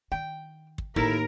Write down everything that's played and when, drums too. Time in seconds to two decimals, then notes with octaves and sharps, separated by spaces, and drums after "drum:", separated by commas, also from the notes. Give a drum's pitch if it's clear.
0.12 D#3 G5
0.78 drum: kick
0.96 D#2 A2 E4 A4 A#4, drum: kick